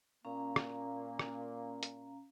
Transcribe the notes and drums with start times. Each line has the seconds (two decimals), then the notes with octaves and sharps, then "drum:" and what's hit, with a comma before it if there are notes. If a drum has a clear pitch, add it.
0.25 A#2 A#3 C#4 F5 A#5
0.56 drum: rim click
1.19 drum: rim click
1.83 drum: hi-hat